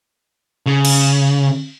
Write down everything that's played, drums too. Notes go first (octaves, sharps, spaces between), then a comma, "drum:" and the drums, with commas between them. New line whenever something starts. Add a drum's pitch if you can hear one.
C#3
drum: cymbal